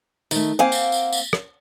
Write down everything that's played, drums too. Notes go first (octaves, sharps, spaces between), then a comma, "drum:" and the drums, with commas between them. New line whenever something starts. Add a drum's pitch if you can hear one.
D#3 A3, drum: tambourine
A#3 C4 F5 F#5 G#5
drum: tambourine
drum: tambourine
drum: tambourine
drum: rim click